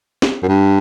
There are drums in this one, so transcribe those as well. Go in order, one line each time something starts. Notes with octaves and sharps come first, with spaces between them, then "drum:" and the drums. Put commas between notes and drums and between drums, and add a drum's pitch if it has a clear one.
drum: snare
F#2
G2